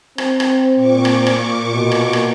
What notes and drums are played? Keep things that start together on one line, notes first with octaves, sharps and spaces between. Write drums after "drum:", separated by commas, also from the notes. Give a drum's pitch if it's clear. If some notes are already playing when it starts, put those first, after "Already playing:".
C4, drum: rim click
drum: rim click
A#2 C#6 D6
drum: rim click
drum: rim click
B2
drum: rim click
drum: rim click